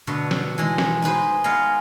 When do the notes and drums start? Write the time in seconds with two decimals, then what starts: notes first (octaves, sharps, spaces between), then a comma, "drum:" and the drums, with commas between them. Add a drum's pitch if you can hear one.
0.07 B2 D3 A3 B3
0.31 drum: snare
0.58 E3 G#3 D#4
0.78 drum: snare
1.02 D#4 G#4 B4 C5
1.44 G#3 B3 G#4 A#4 F5